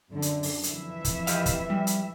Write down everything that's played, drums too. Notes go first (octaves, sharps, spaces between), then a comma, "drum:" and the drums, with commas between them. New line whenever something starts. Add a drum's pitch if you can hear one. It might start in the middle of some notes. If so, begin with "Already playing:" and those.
F#2 D3
drum: hi-hat
drum: open hi-hat
F2 E3 E5, drum: hi-hat
drum: kick, hi-hat
G4 D#5 F5, drum: hi-hat
drum: kick, hi-hat
G3
drum: hi-hat